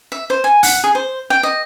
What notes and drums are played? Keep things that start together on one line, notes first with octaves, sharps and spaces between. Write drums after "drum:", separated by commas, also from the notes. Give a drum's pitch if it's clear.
E5
C5
G#5
F#5, drum: open hi-hat
G#4
C5
G5
D#5